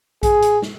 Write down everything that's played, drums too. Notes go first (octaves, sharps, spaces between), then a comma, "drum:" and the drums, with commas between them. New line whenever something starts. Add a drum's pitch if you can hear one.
G#4, drum: kick A#1, hi-hat
drum: hi-hat
drum: snare